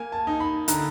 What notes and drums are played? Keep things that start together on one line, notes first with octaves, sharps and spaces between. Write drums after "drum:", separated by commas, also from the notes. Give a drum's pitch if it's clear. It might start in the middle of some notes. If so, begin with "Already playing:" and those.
Already playing: A#3 G#5
A5
D#4
B5
D3 A#5, drum: hi-hat